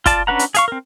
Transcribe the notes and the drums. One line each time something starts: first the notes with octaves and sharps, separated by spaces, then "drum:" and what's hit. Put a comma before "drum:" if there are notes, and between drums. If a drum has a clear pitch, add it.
F4 D5 A5, drum: kick, hi-hat
C#4 D4 B4 F#5 A#5
drum: hi-hat
G#4 F5 C#6, drum: hi-hat
C4 A#4